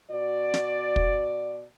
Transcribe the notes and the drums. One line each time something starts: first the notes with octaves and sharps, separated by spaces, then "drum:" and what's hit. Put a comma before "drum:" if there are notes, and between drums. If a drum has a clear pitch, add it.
B2 F#4 D5
drum: snare
drum: kick